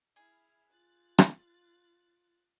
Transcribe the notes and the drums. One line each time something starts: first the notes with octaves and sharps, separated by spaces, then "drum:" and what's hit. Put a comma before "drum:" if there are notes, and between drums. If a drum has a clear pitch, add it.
E4 G#4 F6
F4 F#6 A6
drum: rim click